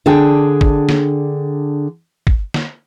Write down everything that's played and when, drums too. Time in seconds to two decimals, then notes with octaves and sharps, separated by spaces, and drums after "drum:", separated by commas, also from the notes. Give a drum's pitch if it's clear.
0.06 D3 D4 G#4 G5
0.61 drum: kick
0.89 drum: snare
2.27 drum: kick
2.54 drum: snare